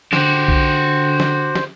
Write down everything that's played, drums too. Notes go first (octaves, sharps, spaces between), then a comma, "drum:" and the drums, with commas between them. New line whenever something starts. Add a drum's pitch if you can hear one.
D3 F#4 G4 C5, drum: snare
drum: kick B1
drum: snare
drum: snare